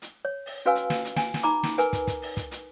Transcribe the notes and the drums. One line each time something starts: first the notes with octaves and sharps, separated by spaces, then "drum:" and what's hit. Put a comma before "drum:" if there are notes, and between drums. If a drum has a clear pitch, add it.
drum: hi-hat
C#5
drum: open hi-hat
C#4 F#4 B4 F5 G#5 E6
drum: hi-hat
drum: snare
drum: hi-hat
G#5, drum: snare
drum: snare
D#4 A#5 B5 D6
drum: snare
A#4 B4 G#5, drum: hi-hat
drum: kick, hi-hat
drum: kick, hi-hat
drum: open hi-hat
drum: kick, hi-hat
drum: hi-hat